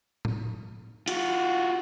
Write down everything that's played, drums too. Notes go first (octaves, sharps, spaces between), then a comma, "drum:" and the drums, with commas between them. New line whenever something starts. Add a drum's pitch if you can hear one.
drum: tom A2
F4 F#4, drum: hi-hat